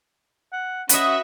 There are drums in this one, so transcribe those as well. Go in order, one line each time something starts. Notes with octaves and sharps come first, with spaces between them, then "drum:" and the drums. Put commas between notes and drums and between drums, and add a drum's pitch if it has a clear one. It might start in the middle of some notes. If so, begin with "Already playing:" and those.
F#5
C#4 F#4 B4 D#5 E5, drum: hi-hat